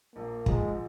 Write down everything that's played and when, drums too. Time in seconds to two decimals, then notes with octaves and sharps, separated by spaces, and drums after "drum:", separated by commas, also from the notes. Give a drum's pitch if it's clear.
0.16 A#1 A#3
0.46 G#2 F3 G#3, drum: kick